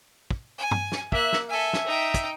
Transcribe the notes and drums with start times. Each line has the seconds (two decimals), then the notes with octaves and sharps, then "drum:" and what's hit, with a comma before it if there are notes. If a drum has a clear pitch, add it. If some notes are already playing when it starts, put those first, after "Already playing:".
0.31 drum: kick
0.58 G#5
0.71 drum: tom G2
0.92 drum: snare
1.12 A#3 E5 F#6, drum: kick
1.33 drum: snare
1.49 A4 E5 G#5
1.73 drum: snare
1.87 D#4 G5
2.14 drum: kick, hi-hat